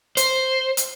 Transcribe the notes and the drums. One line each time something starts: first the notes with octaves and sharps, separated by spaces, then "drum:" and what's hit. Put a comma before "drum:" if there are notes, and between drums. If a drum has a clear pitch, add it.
C5, drum: hi-hat
drum: hi-hat